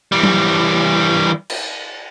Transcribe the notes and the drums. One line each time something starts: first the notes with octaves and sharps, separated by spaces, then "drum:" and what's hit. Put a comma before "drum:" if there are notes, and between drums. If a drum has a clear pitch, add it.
E3 G3
drum: tom F#3
drum: cymbal